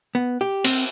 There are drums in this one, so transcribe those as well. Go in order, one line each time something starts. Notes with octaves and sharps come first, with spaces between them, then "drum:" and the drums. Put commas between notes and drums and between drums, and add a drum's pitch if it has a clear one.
B3
G4
C4, drum: cymbal